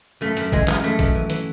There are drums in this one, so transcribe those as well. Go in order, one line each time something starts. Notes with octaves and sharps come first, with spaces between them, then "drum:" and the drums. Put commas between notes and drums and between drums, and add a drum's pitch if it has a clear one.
F#2 A3
F#2, drum: hi-hat
E3 G#3, drum: kick
E3, drum: clap
F#2 A3
F#2, drum: kick, hi-hat
E3
E3, drum: hi-hat